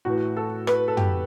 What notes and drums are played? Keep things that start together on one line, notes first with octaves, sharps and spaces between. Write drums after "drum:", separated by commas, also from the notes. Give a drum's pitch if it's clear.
A2 E3 F#4
A4
B4, drum: rim click
A4
G4, drum: tom